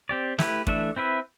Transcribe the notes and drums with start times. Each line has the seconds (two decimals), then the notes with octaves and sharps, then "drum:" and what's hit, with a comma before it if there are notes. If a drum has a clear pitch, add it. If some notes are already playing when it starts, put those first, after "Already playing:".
0.09 C4 G4 D5
0.38 A3 E4 G4 B4, drum: snare
0.67 E3 A3 D4 A4 E5, drum: kick
0.96 C4 E4 B4 E5